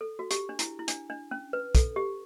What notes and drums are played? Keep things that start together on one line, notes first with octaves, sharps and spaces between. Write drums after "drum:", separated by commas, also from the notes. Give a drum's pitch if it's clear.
A4
F#4
G4, drum: hi-hat
D4
E4, drum: hi-hat
E4
D4, drum: hi-hat
D4
C#4
B4
A4, drum: kick, hi-hat
G4